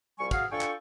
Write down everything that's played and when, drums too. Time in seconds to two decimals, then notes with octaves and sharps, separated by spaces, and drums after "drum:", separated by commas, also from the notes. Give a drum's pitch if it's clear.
0.19 C2 F3 G3 G#5 C#6
0.31 F#4 G#4 F5, drum: kick, tambourine
0.51 D4 F4 A4 G5 G#5 C#6
0.61 drum: clap